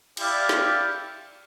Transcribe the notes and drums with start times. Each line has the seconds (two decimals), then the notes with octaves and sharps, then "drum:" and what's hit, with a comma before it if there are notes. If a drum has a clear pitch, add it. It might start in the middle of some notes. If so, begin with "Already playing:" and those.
0.17 E4 G4 D5 F5, drum: cymbal
0.49 drum: snare